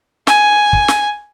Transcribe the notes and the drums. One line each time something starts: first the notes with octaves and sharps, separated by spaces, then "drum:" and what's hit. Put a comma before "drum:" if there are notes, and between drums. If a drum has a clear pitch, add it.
G#5, drum: snare
drum: kick
drum: snare